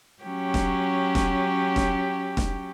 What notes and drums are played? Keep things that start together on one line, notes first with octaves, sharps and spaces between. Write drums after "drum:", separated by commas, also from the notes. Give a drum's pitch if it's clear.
F#3 C#4 G4
drum: snare E1
drum: snare E1
drum: snare E1
drum: snare E1